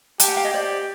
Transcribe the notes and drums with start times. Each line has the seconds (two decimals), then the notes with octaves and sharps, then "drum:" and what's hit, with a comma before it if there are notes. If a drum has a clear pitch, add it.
0.20 G4 G5 A5, drum: hi-hat
0.28 F#5 G#5
0.36 F5 G5
0.44 C#5 D#5
0.53 G4 C5 D5